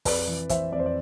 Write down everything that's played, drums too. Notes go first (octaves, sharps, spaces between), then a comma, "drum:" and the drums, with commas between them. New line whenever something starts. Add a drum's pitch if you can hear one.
F2 B4 D5, drum: kick, open hi-hat
E3
E3 C5 E5, drum: kick, hi-hat
F2 D5
C5
D5